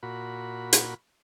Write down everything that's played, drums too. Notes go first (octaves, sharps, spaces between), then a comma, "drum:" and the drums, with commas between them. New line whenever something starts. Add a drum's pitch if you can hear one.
A#2 F#4 B5
drum: hi-hat